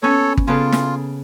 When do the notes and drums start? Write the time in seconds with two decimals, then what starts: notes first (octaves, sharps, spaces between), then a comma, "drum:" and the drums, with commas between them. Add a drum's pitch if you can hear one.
0.02 B3 C#4 A4 C#5
0.37 drum: kick
0.47 C#3 B3 F4 A4
0.72 drum: snare